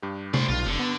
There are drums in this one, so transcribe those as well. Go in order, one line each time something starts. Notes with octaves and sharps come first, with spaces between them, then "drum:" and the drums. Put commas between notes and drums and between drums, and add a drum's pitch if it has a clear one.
G2 G4
C5 D5, drum: tom C3
B1 F4
F1 D3
B3